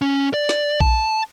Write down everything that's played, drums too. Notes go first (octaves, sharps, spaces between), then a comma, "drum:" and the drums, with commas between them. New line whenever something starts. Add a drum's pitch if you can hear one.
C#4
D5
drum: snare
A5, drum: kick A#1